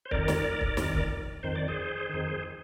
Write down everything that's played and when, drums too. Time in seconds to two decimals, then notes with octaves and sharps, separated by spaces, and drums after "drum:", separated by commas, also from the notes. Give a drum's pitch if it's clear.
0.05 C5
0.11 F2 D#3 A#4 D5, drum: kick C#1
0.28 drum: snare
0.61 drum: kick C#1
0.77 F2 D#3, drum: snare
0.94 drum: kick C#1
1.43 F2 D#3 C5
1.56 D5
1.68 G#4 C5
2.09 F2 D#3